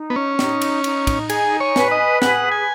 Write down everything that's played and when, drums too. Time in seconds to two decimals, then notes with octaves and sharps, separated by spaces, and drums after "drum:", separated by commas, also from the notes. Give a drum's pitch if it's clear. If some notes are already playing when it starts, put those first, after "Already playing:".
Already playing: D#4
0.10 B3
0.16 C#4
0.39 D#4, drum: snare
0.62 drum: cymbal
0.84 D#4, drum: cymbal
1.07 drum: kick, cymbal
1.30 G#4 G#5, drum: cymbal
1.60 C#5
1.76 B4, drum: snare
1.91 D#5
2.22 G#4 F#5, drum: snare
2.51 G#5